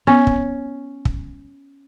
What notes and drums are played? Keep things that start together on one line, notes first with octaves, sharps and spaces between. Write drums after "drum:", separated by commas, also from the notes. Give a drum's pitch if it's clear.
B3 C#4
drum: kick
drum: kick